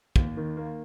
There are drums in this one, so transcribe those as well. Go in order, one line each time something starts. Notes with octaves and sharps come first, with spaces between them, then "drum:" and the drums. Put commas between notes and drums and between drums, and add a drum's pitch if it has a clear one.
D#2, drum: kick
D#3
A#3